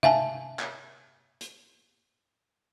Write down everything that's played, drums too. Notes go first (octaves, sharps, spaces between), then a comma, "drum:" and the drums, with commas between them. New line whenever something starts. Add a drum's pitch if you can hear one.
E5 F5 G#5 A5, drum: tom C3
drum: clap
drum: hi-hat